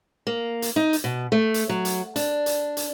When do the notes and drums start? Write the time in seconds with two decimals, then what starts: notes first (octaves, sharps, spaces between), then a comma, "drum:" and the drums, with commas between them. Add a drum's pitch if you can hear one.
0.27 A#3
0.62 drum: hi-hat
0.76 D#4
0.93 drum: hi-hat
1.04 B2
1.32 A3
1.54 drum: hi-hat
1.69 F#3
1.85 drum: hi-hat
2.16 D4, drum: hi-hat
2.46 drum: hi-hat
2.77 drum: hi-hat